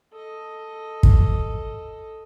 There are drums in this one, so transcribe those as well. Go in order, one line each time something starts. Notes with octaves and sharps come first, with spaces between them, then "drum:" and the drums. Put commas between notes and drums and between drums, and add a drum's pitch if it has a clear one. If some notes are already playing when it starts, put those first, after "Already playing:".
A4 D#5
drum: kick